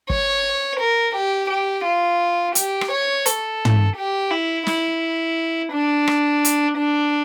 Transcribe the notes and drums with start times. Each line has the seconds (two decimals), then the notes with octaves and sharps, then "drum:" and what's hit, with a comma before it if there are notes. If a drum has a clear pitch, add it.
0.10 C#5, drum: kick
0.80 A#4
1.15 G4
1.50 G4
1.85 F4
2.55 G4, drum: hi-hat
2.81 drum: rim click
2.91 C#5
3.26 A4, drum: hi-hat
3.65 drum: tom
3.96 G4
4.31 E4
4.67 E4, drum: snare
5.72 D4
6.07 drum: rim click
6.45 drum: hi-hat
6.78 D4